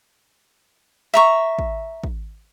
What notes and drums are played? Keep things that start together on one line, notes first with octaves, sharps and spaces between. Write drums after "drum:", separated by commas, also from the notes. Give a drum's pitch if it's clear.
E5 A#5 C#6
drum: kick
drum: kick